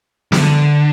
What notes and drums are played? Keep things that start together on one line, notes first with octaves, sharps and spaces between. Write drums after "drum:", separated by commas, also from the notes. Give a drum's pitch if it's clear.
D3, drum: snare